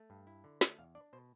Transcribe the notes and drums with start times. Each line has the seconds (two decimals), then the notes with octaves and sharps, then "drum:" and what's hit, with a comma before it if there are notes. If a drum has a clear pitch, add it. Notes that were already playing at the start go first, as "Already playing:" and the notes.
Already playing: A3
0.10 G2
0.27 E4
0.44 D3
0.61 A3, drum: snare
0.78 E2 F5
0.95 D4 D5
1.13 B2 C5